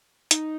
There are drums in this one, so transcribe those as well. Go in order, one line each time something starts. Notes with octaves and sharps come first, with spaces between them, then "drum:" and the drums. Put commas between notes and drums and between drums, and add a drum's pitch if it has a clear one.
D#4, drum: hi-hat